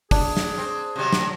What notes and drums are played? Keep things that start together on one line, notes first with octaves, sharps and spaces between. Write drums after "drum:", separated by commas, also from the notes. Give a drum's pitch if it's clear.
D4 G#4, drum: kick, open hi-hat
drum: snare
C4
C3 F#3 G3
drum: snare